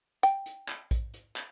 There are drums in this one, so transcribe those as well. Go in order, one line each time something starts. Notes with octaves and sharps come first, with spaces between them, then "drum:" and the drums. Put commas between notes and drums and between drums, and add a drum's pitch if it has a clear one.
G5, drum: hi-hat
drum: hi-hat
drum: clap
drum: kick A#1, hi-hat
drum: hi-hat
drum: clap